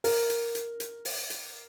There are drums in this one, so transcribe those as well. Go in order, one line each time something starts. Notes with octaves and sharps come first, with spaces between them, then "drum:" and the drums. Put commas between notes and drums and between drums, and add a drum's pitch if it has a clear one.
A#4, drum: open hi-hat
drum: hi-hat
drum: hi-hat
drum: hi-hat
drum: open hi-hat
drum: hi-hat